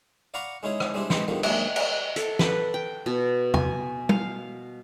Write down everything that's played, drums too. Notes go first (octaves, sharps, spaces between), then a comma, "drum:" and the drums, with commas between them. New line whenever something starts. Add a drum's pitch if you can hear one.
D5 F5 F#5 A#5 B5 C#6
G#3 C#4 D#4 E4 G#4
drum: rim click
G3 G#3 C4 D4 E4
G#3 C4 D#4 B4 C5, drum: snare
E2 D3 D#3 F3 G3
D#2 G#2 F#3 D4 G#4 C#5, drum: cymbal
drum: cymbal
A4, drum: hi-hat
B4, drum: snare
G5
B2
G#5, drum: tom
F5, drum: tom